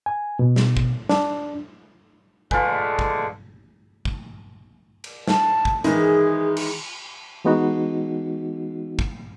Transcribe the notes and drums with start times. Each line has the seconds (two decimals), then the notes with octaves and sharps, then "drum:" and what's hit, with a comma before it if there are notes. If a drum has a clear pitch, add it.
0.06 G#5
0.39 B2
0.56 drum: snare
0.77 drum: kick
1.09 D4, drum: snare
2.51 D3 G#3 A3 F4 B4 G#5, drum: kick
2.99 drum: kick
4.05 drum: kick
5.04 drum: cymbal
5.28 A5, drum: snare
5.65 drum: kick
5.84 D#3 E3 G#3 G#4, drum: hi-hat
6.57 drum: cymbal
7.45 E3 G#3 B3 D#4 F#4
8.99 drum: kick